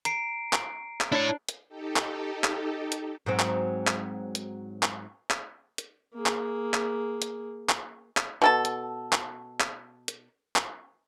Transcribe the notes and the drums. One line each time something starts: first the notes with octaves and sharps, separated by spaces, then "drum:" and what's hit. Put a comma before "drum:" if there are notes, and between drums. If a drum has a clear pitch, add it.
A#5 C7 D7, drum: hi-hat
drum: clap
drum: clap
D4 E4 C#5 A5
drum: hi-hat
D#4 G4 A4
drum: clap
drum: clap
drum: hi-hat
G#2 F#3 C4
drum: clap
drum: clap
drum: hi-hat
drum: clap
drum: clap
drum: hi-hat
A#3 G#4
drum: clap
drum: clap
drum: hi-hat
drum: clap
drum: clap
B2 A4 A5
drum: hi-hat
drum: clap
drum: clap
drum: hi-hat
drum: clap